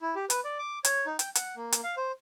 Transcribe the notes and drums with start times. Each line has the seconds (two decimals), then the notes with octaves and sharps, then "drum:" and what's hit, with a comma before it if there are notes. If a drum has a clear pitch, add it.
0.01 E4
0.16 G4
0.30 B4, drum: hi-hat
0.44 D5
0.59 D6
0.84 C#5, drum: hi-hat
1.06 D#4
1.19 G5, drum: hi-hat
1.35 F#5, drum: hi-hat
1.56 A#3
1.72 drum: hi-hat
1.84 F5
1.97 C5